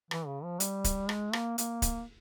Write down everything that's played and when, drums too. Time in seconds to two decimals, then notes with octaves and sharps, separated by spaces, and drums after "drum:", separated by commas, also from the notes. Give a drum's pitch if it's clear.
0.11 E3, drum: rim click
0.27 C#3
0.44 F3
0.60 G3, drum: hi-hat
0.84 drum: kick D1, hi-hat
1.09 G#3, drum: rim click
1.33 A#3, drum: rim click
1.58 A#3, drum: hi-hat
1.82 drum: kick D1, hi-hat